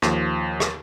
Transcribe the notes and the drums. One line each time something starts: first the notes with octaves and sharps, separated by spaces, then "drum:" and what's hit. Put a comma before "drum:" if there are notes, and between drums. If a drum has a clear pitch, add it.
D#2 F3, drum: rim click
drum: rim click